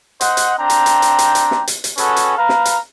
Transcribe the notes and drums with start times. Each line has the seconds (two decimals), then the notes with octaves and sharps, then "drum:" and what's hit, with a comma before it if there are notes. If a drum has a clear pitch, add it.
0.21 C5 D#5 F#5, drum: hi-hat
0.37 drum: hi-hat
0.58 C4 D4 G5 A#5
0.70 drum: hi-hat
0.86 drum: hi-hat
1.02 drum: hi-hat
1.19 drum: hi-hat
1.35 drum: hi-hat
1.51 drum: snare
1.68 drum: hi-hat
1.84 drum: hi-hat
1.98 C#4 F#4 G#4 A4 B4, drum: hi-hat
2.16 drum: hi-hat
2.37 B4 F5 A#5
2.49 drum: snare
2.65 drum: hi-hat